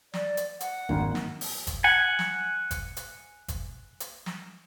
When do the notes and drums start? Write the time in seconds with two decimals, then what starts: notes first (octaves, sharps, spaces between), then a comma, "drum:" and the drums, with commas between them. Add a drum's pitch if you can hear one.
0.14 D5, drum: snare
0.37 drum: hi-hat
0.60 F#5, drum: hi-hat
0.89 G#1 D#3 A#3, drum: kick
1.15 drum: snare
1.41 drum: open hi-hat
1.67 drum: kick, hi-hat
1.84 F#5 G#5
2.19 drum: snare
2.71 drum: kick, hi-hat
2.97 drum: hi-hat
3.48 drum: kick, hi-hat
4.00 drum: hi-hat
4.26 drum: snare